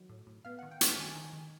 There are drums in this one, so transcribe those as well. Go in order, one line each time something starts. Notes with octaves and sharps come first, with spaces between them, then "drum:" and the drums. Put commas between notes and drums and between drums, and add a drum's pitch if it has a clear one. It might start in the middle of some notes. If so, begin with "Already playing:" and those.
Already playing: D#3 F#3
A2
A2
B3 F5
D#3 F#5
G5
G3 A5, drum: hi-hat
D#3 G#5
D#3
D#3